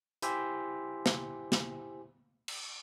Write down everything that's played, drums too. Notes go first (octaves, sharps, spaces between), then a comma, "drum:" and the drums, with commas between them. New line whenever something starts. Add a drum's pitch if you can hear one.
E4 G4 C5 E5 G#5, drum: hi-hat
drum: snare
drum: snare
drum: cymbal